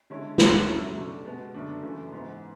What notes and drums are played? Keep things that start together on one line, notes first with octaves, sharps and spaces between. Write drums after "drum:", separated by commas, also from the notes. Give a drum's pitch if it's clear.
D3 G#3 C#4 E4
D3 F#3 C#4 E4, drum: snare
F#2 C#3 F#3 A3 E4
B2 A3 D4
B2 G#3 B3
F#2 D3 A3 D4
F#2 C#3 E3 A3
G#2 E3 B3